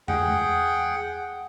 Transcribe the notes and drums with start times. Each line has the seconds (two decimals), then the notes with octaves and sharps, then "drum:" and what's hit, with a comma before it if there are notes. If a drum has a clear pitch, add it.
0.08 G#4 F#5 G5, drum: tom E2